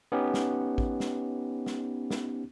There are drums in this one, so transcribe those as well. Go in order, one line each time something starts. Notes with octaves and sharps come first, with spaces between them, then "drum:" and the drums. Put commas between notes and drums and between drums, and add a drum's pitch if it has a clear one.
B3 C#4 D#4 G4
drum: snare
drum: kick A1
drum: snare
drum: snare
drum: snare